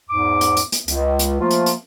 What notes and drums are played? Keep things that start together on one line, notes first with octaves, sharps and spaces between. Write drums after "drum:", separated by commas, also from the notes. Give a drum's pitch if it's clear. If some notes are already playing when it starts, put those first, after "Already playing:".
E2 G#2 D6
drum: hi-hat
drum: hi-hat
drum: hi-hat
C#2, drum: hi-hat
drum: hi-hat
F3 A3 A#3 F4
drum: hi-hat
drum: hi-hat